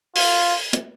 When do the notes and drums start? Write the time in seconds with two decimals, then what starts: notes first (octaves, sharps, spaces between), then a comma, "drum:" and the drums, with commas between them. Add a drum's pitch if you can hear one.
0.16 F4, drum: open hi-hat
0.73 drum: hi-hat